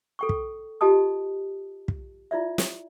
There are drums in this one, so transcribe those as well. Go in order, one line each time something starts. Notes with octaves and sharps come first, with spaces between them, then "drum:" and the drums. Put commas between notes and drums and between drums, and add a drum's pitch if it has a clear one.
A4 G5 C#6
drum: kick
F4 G4 D#5 A5 D#6
drum: kick
E4 F4 D5 E5
drum: snare